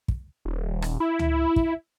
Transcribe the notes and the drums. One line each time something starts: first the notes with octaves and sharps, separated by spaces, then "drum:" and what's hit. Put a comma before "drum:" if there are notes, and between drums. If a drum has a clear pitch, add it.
drum: kick
D#1
drum: rim click
E4
drum: tom C#2
drum: kick